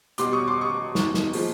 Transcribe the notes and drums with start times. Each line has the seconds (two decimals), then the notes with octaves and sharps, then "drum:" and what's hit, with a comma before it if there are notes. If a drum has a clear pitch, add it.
0.18 B2 G3 C6 D6, drum: hi-hat
0.33 C#6 D#6
0.47 C6 D6
0.61 C#6 D#6
0.95 drum: snare
1.14 drum: snare
1.33 A#2 F3 G#3, drum: open hi-hat